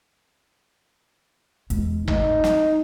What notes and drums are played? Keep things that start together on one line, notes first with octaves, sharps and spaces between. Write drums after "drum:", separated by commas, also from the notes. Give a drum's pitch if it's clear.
E2 G#3, drum: hi-hat
A3 C4 D#4, drum: tom G1
drum: snare